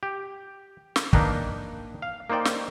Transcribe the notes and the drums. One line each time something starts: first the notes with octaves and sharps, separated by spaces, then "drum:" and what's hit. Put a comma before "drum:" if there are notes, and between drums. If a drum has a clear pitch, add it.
G4
drum: snare
A#3 D4 D#4 B4 G5 A#5, drum: kick
F5
A#3 D#4 C5 D5 G5
drum: snare